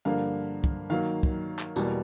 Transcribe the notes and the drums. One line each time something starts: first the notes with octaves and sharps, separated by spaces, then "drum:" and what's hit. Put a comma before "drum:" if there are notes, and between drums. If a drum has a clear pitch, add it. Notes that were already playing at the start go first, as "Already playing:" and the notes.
G2 D3 F3 A#3 F5
drum: kick
D#3 F#3 A#3 F5
drum: kick
drum: clap
E2 B2 G3 A#3, drum: tambourine